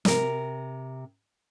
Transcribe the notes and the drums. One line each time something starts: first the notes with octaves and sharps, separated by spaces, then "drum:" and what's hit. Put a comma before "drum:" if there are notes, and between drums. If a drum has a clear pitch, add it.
C3 A#4, drum: snare